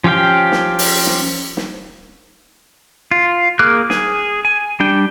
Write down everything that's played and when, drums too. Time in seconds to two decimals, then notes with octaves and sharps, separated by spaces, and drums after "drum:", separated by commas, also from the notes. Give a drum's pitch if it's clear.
0.04 F3 C#4 G4 F5 G5
0.52 drum: snare
0.79 drum: open hi-hat
1.07 drum: snare
1.57 drum: snare
3.11 F4
3.59 A#3 G#4 A#4 D6 F#6
3.90 G#4, drum: snare
4.45 G#5
4.80 G3 D4 G5